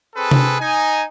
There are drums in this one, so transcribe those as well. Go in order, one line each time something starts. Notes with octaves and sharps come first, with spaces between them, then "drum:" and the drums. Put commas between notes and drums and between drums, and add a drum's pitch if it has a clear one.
C4 G#4 A4 B4
drum: tom C3
D#4 G#5